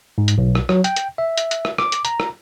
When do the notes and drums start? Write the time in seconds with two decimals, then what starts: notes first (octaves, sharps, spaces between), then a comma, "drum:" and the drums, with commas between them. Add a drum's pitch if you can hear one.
0.18 G#2
0.28 drum: hi-hat
0.38 B1
0.55 drum: rim click
0.69 F#3, drum: rim click
0.84 G5, drum: hi-hat
0.96 drum: hi-hat
1.18 E5
1.38 drum: hi-hat
1.51 drum: hi-hat
1.65 drum: rim click
1.78 D6, drum: rim click
1.92 drum: hi-hat
2.05 A#5, drum: hi-hat
2.20 drum: rim click